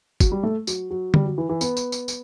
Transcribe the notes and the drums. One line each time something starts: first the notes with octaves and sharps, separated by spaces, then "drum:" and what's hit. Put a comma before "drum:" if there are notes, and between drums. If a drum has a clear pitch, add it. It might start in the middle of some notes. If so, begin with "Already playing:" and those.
F#3, drum: kick, tambourine
G3
A3
F#3, drum: tambourine
F#3
G3, drum: tom D3
F#3
E3
E3
B3, drum: tambourine
drum: tambourine
drum: tambourine
drum: tambourine